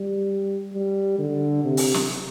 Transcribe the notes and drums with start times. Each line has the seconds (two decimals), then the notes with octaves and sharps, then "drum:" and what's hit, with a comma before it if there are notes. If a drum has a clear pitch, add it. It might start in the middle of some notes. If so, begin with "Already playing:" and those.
Already playing: G3
0.74 G3
1.19 D3
1.64 C3
1.77 drum: open hi-hat
1.94 drum: snare